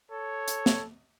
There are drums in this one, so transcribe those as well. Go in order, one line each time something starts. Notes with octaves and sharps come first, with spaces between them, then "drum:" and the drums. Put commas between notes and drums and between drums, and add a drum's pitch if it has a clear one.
A4 C#5
drum: hi-hat
drum: snare